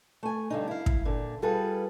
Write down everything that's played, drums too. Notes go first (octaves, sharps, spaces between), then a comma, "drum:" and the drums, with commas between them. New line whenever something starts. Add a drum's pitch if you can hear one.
A3 G#5
G2 D3 D#4
E4 F5
drum: kick
A#2 D3
G3 F4 G#4 A4 B4